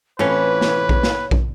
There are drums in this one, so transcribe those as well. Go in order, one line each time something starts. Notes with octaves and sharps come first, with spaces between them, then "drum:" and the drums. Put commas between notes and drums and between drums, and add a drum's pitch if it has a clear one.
A2 E3 C4 C#4 F4 B4 C#5
drum: snare
drum: kick A#1
drum: snare
drum: kick A#1